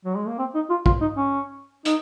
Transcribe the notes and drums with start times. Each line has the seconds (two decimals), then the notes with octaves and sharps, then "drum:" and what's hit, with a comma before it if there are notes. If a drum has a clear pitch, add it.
0.05 F#3
0.17 G#3
0.27 A#3
0.39 C4
0.55 D#4
0.70 F4
0.86 F4, drum: kick
1.01 D#4
1.17 C#4
1.85 D#4, drum: hi-hat